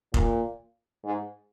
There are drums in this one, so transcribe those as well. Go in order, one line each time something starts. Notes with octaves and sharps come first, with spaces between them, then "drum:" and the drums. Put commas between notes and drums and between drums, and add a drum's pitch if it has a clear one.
A#2, drum: kick F1
G#2